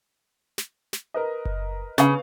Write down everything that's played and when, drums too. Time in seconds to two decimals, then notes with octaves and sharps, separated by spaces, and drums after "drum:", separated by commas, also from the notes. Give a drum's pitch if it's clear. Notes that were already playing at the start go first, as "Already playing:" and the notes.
0.58 drum: snare
0.93 drum: snare
1.14 A#4 B4 D#5
1.45 drum: kick F#1
1.98 C#3 B3 F5, drum: snare